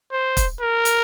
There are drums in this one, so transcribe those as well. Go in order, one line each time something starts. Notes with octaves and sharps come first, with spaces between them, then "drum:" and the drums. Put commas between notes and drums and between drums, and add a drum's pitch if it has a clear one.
C5
drum: kick, hi-hat
A#4
drum: hi-hat